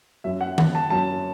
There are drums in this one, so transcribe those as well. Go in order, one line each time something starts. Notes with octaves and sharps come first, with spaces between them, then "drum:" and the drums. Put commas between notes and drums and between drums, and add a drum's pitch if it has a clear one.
F#2 F#3 E5
F#5
F#5, drum: tom D#3
A5
F#2 F#3 A5